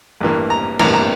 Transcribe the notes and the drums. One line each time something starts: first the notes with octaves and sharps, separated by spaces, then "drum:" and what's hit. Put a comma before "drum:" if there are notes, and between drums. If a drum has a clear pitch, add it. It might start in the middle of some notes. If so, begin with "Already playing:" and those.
A1 G2 E3 A#3
A#5
A1 G2 E3 A#3 A#5, drum: cymbal
A#5